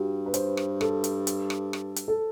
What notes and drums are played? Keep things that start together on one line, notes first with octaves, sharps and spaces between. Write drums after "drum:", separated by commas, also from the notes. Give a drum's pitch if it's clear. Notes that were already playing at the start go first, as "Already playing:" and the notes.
Already playing: G2 F#4 G4
B4
C5, drum: hi-hat
drum: rim click
A4, drum: rim click
drum: hi-hat
drum: hi-hat
drum: rim click
drum: rim click
drum: hi-hat
A4